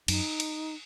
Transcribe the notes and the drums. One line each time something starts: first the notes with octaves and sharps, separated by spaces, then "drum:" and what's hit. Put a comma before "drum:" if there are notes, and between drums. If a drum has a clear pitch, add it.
F#2 D#4, drum: cymbal
drum: cymbal